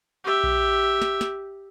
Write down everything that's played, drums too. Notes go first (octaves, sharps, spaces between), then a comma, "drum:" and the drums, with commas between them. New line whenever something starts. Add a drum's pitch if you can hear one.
G4 E5
drum: kick A#1
drum: snare
drum: snare